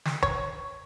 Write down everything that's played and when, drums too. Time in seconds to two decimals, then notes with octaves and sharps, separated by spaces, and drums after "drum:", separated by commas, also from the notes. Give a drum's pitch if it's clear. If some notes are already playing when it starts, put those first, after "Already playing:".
0.05 drum: snare
0.23 C#5, drum: kick F#1